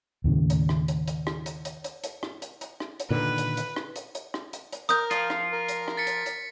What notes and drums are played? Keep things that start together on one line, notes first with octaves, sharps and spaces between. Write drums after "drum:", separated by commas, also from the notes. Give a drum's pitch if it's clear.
D#2 A2 C#3
drum: hi-hat
drum: rim click
drum: hi-hat
drum: hi-hat
drum: rim click
drum: hi-hat
drum: hi-hat
drum: hi-hat
drum: hi-hat
drum: rim click
drum: hi-hat
drum: hi-hat
drum: rim click
drum: hi-hat
A#2 D3 D#3 B4
drum: hi-hat
drum: hi-hat
drum: rim click
drum: hi-hat
drum: hi-hat
drum: rim click
drum: hi-hat
drum: hi-hat
A#4 D#6 G6, drum: hi-hat
F3 F4, drum: hi-hat
drum: rim click
A#4
drum: hi-hat
drum: rim click
A6 B6 C#7
drum: hi-hat
drum: hi-hat